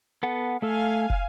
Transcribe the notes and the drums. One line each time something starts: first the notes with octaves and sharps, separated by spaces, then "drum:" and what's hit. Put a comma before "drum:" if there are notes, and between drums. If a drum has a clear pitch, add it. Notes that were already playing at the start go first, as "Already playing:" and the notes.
B3 A4 F#5
A3 A4 F5 G#5
drum: kick